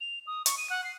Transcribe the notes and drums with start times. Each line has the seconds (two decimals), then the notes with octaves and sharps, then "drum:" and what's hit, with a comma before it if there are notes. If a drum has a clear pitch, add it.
0.01 F7
0.27 D#6
0.46 C#6, drum: hi-hat
0.58 D#7
0.70 F#5
0.84 C7